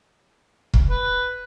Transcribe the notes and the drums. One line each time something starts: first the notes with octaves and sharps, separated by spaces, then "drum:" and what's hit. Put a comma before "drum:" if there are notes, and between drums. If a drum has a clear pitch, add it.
drum: kick
B4